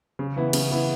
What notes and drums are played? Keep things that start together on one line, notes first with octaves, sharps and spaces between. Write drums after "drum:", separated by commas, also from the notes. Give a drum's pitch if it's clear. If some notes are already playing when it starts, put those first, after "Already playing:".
C#3
E3 B3 E4
C#3, drum: cymbal
E3 B3 E4